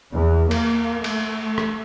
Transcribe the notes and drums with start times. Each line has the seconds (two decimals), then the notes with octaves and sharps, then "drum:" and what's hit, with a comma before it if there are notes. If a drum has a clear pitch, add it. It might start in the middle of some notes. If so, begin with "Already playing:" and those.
0.13 E2
0.51 A#3, drum: cymbal
1.04 A3, drum: cymbal
1.58 drum: rim click